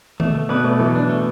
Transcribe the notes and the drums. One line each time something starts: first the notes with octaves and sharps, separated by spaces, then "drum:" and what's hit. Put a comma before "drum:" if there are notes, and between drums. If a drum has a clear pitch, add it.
B2 A3, drum: tom D3
A3
B2 B4
B2 A3
E3 F#3
D4
A3